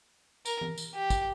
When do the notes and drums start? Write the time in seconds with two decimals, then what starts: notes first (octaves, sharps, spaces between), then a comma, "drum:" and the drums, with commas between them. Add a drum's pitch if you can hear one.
0.46 A#4, drum: tambourine
0.61 drum: tom E3
0.78 drum: tambourine
0.95 G4
1.10 drum: kick, tambourine